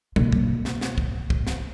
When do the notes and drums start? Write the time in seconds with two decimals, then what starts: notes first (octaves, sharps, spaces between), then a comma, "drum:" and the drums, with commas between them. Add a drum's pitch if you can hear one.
0.16 B2 A#3, drum: tom
0.32 drum: kick
0.65 drum: snare
0.81 drum: snare
0.98 drum: kick
1.30 drum: kick
1.47 drum: snare